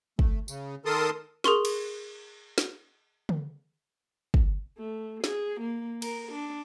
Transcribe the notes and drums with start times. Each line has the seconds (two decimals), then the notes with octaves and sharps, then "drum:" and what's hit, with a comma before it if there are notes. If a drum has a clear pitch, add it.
0.19 A3, drum: kick
0.48 C#3, drum: tambourine
0.85 D#3 A4 A#4 A5 C6 D#6
1.44 G#4 A#4 C6 C#6, drum: snare
1.65 drum: cymbal
2.58 drum: snare
3.29 drum: tom
4.34 drum: kick
4.78 A3
5.24 G#4, drum: snare
5.61 A#3
6.02 A#4, drum: cymbal
6.32 D4